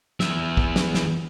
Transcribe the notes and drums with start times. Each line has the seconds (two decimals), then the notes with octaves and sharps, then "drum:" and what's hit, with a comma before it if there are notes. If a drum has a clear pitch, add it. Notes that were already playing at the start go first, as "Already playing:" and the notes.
0.20 E2 E5, drum: snare
0.57 drum: kick
0.76 drum: snare
0.95 drum: snare